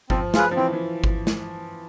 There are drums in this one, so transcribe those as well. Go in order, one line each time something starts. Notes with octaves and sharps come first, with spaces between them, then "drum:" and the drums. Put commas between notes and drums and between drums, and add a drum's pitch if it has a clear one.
F3 C4, drum: kick G1
F4 G#4 B4, drum: snare
F3
E3 C4
E3
drum: kick G1
drum: snare